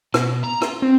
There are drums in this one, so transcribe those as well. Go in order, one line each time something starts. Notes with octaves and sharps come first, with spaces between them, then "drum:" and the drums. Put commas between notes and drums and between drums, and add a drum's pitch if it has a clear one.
B2, drum: rim click
A#5
F4, drum: rim click
C4